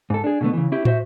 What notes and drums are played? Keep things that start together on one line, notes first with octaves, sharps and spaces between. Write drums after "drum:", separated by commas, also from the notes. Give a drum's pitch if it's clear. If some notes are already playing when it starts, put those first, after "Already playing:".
G#2 A4
D4 G#4
B2 D3 G#3 A3 B3
C#3 E3
C#4 E4 G4
F#4 C5 E5, drum: tom